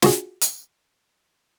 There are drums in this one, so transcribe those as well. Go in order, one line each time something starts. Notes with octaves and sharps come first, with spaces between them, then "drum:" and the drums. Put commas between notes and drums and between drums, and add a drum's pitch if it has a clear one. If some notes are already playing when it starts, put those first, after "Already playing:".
F4 F#4 G#4, drum: snare
drum: hi-hat